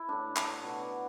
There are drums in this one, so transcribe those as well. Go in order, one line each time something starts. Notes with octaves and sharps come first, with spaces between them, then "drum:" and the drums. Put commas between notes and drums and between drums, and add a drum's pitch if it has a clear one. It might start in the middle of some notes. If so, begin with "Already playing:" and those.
Already playing: E4
A2 A3 D4
D4, drum: clap
B2 F#3 A3 F#4
D4